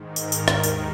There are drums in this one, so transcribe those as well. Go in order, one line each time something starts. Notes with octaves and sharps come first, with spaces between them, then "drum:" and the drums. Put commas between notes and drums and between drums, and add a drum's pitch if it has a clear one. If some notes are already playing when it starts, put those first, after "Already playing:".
Already playing: G#2 D#3
A#4, drum: tambourine
drum: tambourine
D#2 D#3 A#4, drum: rim click
drum: tambourine